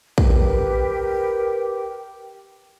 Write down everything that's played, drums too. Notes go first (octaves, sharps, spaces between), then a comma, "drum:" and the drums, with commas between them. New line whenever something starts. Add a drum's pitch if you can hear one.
G4 A#4 B4 G5, drum: kick